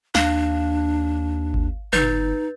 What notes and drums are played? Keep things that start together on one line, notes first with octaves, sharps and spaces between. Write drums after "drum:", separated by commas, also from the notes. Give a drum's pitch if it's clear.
D#2 D4 F5, drum: snare
drum: kick G#1
G1 D#4 B4 G6 A6, drum: tom